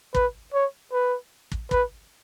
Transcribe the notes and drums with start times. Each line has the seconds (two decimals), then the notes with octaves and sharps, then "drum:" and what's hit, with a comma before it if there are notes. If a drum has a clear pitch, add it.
0.15 B4, drum: kick
0.54 C#5
0.93 B4
1.52 drum: kick
1.71 B4, drum: kick